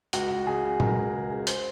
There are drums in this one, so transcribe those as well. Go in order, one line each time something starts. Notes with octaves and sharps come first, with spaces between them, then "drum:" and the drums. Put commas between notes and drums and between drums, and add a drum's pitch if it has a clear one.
C#2 F#4, drum: hi-hat
C#2
C#3 G#4
C#3
C#2 A#4, drum: tom A#2
C#2
C#3
C#3
C5, drum: hi-hat